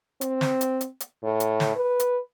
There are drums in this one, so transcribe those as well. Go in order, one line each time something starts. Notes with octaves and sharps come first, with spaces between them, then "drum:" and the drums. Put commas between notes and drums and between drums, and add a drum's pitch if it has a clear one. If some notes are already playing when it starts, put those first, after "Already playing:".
C4, drum: hi-hat
drum: snare
drum: hi-hat
drum: hi-hat
drum: hi-hat
A2
drum: hi-hat
drum: snare
B4
drum: hi-hat